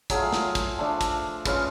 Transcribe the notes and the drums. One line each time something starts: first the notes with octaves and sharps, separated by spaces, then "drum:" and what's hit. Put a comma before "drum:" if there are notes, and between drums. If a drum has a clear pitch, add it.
F#3 A3 F4 G#4, drum: kick, hi-hat
drum: snare
drum: kick, hi-hat
F3 A3 D4 F4
drum: kick, hi-hat
G#3 C#4 F4 B4, drum: kick, hi-hat